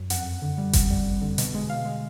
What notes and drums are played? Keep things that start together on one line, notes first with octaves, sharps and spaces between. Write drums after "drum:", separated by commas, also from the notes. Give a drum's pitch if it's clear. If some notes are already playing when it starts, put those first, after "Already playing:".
Already playing: F#2
F2 F#5, drum: hi-hat
F2
D3
G3
F2, drum: kick F#1, hi-hat
G3
F2
D3
B2, drum: hi-hat
G#3
B2 F5
G#3